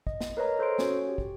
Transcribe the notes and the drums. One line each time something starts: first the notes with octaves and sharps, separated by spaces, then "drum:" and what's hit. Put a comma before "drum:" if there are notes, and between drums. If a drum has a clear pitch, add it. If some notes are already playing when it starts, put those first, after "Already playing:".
D#5, drum: kick
drum: snare
A#4 B4 C#5 D#5 A#5
A4 C5 C#5 C6 D7
C#4 F#4 C#5, drum: snare
G4
drum: kick